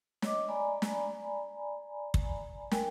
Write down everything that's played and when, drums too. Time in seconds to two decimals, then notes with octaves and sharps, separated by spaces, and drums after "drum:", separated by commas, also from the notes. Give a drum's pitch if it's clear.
0.22 C#5 D#5 D6, drum: snare
0.49 D5 G#5 A#5 B5
0.82 drum: snare
2.14 drum: kick
2.71 A#4 G5 G#5, drum: snare